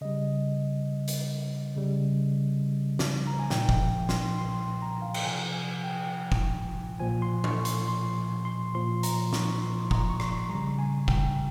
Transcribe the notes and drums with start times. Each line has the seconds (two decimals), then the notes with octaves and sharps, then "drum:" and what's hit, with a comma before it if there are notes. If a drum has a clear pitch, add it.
0.01 C#3 G3 D#5
1.08 drum: hi-hat
1.76 C#3 G3
2.99 drum: snare
3.27 A#5
3.40 G#5
3.50 A#2 F3 G5, drum: snare
3.69 drum: kick
4.09 C6, drum: snare
4.38 C6
4.82 A#5
5.02 F5
5.14 G5, drum: cymbal
5.25 C3 F3 G#5
5.54 G#5
5.84 G5
6.32 drum: kick
7.00 A#2 F3 G#5
7.22 C6
7.44 C#6, drum: tom F3
7.65 C6, drum: hi-hat
7.88 C6
8.45 C6
8.75 A#2 F3 C6
9.03 A#5, drum: hi-hat
9.33 C#6, drum: snare
9.62 C6
9.91 A#5, drum: kick
10.09 C#6
10.20 C6, drum: rim click
10.49 C#3 G3 A#5
10.79 G#5
11.08 G5, drum: kick